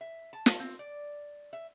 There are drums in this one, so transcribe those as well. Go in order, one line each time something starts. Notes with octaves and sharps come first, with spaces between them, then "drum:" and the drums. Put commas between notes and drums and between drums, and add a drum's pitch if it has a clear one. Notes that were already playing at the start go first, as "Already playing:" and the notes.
E5
A5
drum: snare
C4
D5
E5